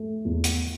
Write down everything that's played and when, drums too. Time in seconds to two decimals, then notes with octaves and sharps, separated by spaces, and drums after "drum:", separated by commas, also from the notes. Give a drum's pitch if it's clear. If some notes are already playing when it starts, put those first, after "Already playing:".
Already playing: A3
0.25 E2
0.44 drum: hi-hat